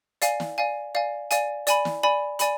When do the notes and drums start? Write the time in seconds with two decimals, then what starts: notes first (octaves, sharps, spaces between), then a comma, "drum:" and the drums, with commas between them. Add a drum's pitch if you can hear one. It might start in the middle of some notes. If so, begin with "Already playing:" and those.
0.22 D5 F5 G#5, drum: hi-hat
0.40 drum: snare
0.58 D5 F5 G#5
0.95 D5 F5 G#5
1.31 D5 F5 G#5, drum: hi-hat
1.67 D5 G#5 B5, drum: hi-hat
1.85 drum: snare
2.03 D5 G#5 B5
2.39 D5 G#5 B5, drum: hi-hat